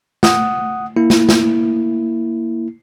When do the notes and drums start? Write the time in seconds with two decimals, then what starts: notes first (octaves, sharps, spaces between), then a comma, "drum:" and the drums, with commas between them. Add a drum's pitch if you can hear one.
0.23 F#5 D#6, drum: snare
0.96 A#3 E4
1.10 drum: snare
1.29 drum: snare